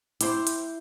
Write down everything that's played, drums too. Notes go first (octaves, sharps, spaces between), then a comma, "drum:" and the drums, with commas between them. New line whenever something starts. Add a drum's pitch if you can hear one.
E4 G4 C5, drum: hi-hat
drum: hi-hat